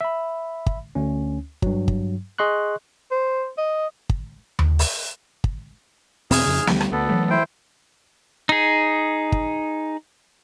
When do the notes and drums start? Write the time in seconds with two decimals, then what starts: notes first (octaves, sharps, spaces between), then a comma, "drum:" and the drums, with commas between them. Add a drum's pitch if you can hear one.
0.01 E5 B5
0.66 drum: kick
0.95 D2 C#4
1.62 G2 F#3, drum: kick
1.88 drum: kick
2.38 G#4 D#5 C6 C#6 F#6
3.11 C5
3.58 D#5
4.09 drum: kick
4.59 drum: tom D#2
4.79 drum: open hi-hat
5.44 drum: kick
6.31 E2 B2 C4 G#4 F6, drum: open hi-hat
6.45 F2 C#3
6.67 D2 G3, drum: snare
6.81 drum: rim click
6.92 D2 B3 A4
7.09 E3 F#3 A3
7.30 E4 C5 G5
8.49 D#4 G#4
9.32 drum: kick